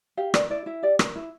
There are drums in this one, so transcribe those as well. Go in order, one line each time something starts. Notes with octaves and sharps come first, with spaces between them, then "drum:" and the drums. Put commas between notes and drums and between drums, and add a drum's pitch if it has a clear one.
G4 F5
A#4 D5, drum: rim click
E4 D5
E4 E5
G4 D5
A#4, drum: rim click
E4